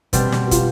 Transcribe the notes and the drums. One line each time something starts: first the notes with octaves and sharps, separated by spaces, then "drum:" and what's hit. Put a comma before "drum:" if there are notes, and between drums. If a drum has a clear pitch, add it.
B2 G3 C4 G4, drum: kick, hi-hat
drum: snare
G4
F4, drum: kick, hi-hat